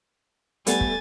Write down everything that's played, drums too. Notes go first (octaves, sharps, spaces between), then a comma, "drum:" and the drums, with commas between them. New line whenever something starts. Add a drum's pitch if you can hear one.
G3 A3 B3 G#5 A6, drum: hi-hat
drum: kick